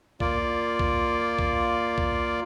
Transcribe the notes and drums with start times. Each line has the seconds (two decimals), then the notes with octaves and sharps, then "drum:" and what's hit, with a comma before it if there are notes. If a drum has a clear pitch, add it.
0.20 A#3 F4 D5, drum: kick B1
0.79 drum: kick B1
1.39 drum: kick B1
1.98 drum: kick B1